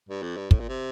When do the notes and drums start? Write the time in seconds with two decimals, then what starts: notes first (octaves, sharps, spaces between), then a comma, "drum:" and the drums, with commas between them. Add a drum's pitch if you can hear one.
0.09 G2
0.23 F2
0.37 G2
0.51 A2, drum: kick
0.60 A#2
0.69 C3